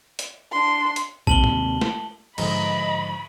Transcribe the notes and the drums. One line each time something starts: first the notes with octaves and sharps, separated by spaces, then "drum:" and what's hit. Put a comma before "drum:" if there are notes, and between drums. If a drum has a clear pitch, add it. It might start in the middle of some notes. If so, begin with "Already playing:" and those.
drum: hi-hat
D4 C6
drum: hi-hat
D#2 C3 A5 F#7 G7, drum: kick A#1
drum: tom
drum: snare
G#2 D3 F3 G#3 D#5 A#5 B5, drum: cymbal